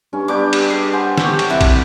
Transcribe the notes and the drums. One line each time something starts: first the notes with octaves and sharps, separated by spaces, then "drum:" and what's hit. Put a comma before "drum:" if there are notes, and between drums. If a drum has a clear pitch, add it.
G2 C#4
B3 D4 G4 D6
drum: cymbal
G#4
C5 F#5 G#5
F#4 G4 A4 C#5, drum: snare
drum: cymbal
C2 E4 F#5 A5
drum: kick, cymbal